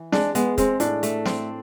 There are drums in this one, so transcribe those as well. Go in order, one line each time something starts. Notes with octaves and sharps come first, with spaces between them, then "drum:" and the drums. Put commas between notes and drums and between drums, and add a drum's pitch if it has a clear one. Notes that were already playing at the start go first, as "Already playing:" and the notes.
Already playing: E3
G#3 D4, drum: snare
G#3 B3, drum: hi-hat
G#3 C4, drum: kick, hi-hat
A2 D4, drum: hi-hat
A3, drum: hi-hat
C4, drum: snare